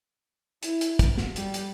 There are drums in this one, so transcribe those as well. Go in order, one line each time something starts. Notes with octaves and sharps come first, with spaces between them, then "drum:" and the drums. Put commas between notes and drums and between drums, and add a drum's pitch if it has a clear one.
E4, drum: hi-hat
drum: hi-hat
drum: kick, hi-hat
drum: snare
G3, drum: hi-hat
drum: hi-hat